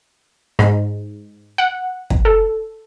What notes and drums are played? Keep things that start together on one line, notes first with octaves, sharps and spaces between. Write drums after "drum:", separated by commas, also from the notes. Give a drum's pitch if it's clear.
G#2, drum: rim click
F#5
drum: kick
A4